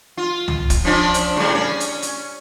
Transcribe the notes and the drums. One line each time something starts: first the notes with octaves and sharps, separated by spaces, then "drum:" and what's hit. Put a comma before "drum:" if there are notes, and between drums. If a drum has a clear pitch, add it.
F4
drum: tom
drum: kick, hi-hat
F3 C#4 D4
drum: hi-hat
A2 C#3 G3
C#4
drum: hi-hat
drum: hi-hat